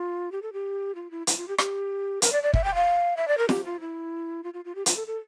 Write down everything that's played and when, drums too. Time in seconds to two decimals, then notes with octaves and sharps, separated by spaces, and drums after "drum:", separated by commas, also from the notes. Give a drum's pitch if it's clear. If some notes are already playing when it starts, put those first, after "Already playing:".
Already playing: F4
0.32 G4
0.42 A4
0.53 G4
0.95 F4
1.11 E4
1.27 E4, drum: hi-hat
1.37 F4
1.48 G4
1.58 G4, drum: rim click
2.22 A#4, drum: hi-hat
2.32 D5
2.43 D5
2.54 E5, drum: kick
2.64 G5
2.75 F5
3.17 E5
3.28 D5
3.38 A#4
3.49 G4, drum: snare
3.65 F4
3.80 E4
4.44 F4
4.54 F4
4.65 F4
4.75 G4
4.86 F4, drum: hi-hat
4.96 A4
5.07 A4